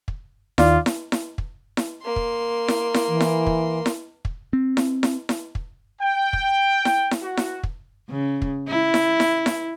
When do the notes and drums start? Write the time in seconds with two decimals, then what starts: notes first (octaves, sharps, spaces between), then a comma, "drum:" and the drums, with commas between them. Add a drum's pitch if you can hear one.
0.08 drum: kick
0.58 D#2 D#3 F4 D5, drum: snare E4
0.86 drum: snare E4
1.12 drum: snare E4
1.38 drum: kick
1.77 drum: snare E4
2.03 A#3 C6
2.16 drum: kick
2.68 drum: snare E4
2.94 drum: snare E4
3.08 E3
3.20 drum: snare E4
3.47 drum: kick
3.86 drum: snare E4
4.25 drum: kick
4.53 C4
4.77 drum: snare E4
5.03 drum: snare E4
5.29 drum: snare E4
5.55 drum: kick
6.02 G5
6.33 drum: kick
6.85 drum: snare E4
7.11 drum: snare E4
7.22 F#4
7.37 drum: snare E4
7.63 drum: kick
8.10 C#3
8.42 drum: kick
8.68 E4
8.94 drum: snare E4
9.20 drum: snare E4
9.46 drum: snare E4